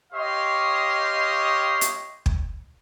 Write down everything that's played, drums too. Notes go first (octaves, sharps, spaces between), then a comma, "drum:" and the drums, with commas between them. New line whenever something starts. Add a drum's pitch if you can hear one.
G4 C#5 D#5 F5 C6
drum: hi-hat
drum: kick